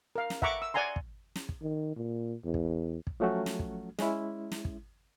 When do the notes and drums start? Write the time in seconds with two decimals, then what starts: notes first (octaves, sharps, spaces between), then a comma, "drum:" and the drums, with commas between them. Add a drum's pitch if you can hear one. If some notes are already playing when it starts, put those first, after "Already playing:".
0.16 A#4 F5
0.30 drum: snare
0.42 E5 F#5 A#5 C#6 D6, drum: kick
0.62 E6
0.74 D5 F#5 G#5 A#5 C6
0.96 drum: kick
1.36 drum: snare
1.49 drum: kick
1.62 D#3
1.96 A#2
2.45 E2
2.54 drum: kick
3.07 drum: kick
3.20 F3 F#3 A3 C#4 F#4
3.46 drum: snare
3.59 drum: kick
3.99 G#3 C#4 E4, drum: snare
4.52 drum: snare
4.65 drum: kick